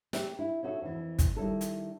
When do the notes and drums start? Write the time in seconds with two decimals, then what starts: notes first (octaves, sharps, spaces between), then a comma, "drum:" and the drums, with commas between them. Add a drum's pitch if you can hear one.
0.13 G4, drum: snare
0.39 E4
0.63 C#4 D#4 F#4 A4 E5
0.81 F2 E3
1.19 drum: kick, hi-hat
1.37 D#3 G3 E4 A4
1.61 drum: hi-hat